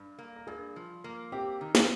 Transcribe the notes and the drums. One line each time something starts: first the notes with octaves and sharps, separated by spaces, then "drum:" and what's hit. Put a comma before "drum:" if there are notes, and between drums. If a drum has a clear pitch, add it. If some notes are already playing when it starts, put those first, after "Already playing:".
Already playing: G2
A#3
A#4
G2 G#4
F3
A#3
C4 G4
D#3
drum: snare